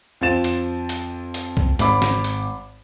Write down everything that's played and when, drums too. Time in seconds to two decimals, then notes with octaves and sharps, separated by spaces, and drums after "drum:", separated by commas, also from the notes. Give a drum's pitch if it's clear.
0.21 F2 C4 F4 A6 E7
0.44 drum: hi-hat
0.89 drum: hi-hat
1.34 drum: hi-hat
1.57 drum: kick C2
1.79 G#1 B5 D6, drum: hi-hat
2.02 drum: snare
2.24 drum: hi-hat